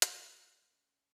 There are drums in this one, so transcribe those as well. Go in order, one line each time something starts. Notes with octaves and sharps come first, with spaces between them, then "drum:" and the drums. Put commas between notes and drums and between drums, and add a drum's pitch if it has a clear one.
D4, drum: hi-hat
A3
C#4 G5 C6